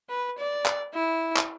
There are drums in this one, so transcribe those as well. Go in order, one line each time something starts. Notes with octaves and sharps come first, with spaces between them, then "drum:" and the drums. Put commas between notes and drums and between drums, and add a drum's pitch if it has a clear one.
B4
D5
drum: clap
E4
drum: clap